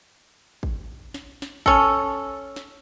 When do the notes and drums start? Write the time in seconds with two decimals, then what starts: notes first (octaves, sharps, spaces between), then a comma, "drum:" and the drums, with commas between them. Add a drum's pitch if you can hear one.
0.63 drum: kick
1.14 drum: snare
1.42 drum: snare
1.66 C#4 A4, drum: kick
2.56 drum: snare